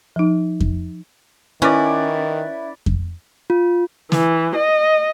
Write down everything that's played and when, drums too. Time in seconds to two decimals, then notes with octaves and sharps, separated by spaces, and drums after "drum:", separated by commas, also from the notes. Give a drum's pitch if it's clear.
0.16 F3 D#4
0.60 drum: kick F2
1.62 D#3 C#4 E4 B4 D5
2.86 drum: kick F2
3.50 F4
4.12 E3, drum: snare
4.55 D#5